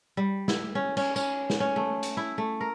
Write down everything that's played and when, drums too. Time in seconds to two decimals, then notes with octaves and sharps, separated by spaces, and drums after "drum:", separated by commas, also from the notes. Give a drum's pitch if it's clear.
0.17 G3
0.48 E4, drum: snare
0.75 C#4
0.97 C#4, drum: cymbal
1.16 C#4, drum: tambourine
1.50 drum: snare
1.60 C#4
1.76 A3
2.03 drum: hi-hat
2.17 E4
2.38 A3
2.61 A#4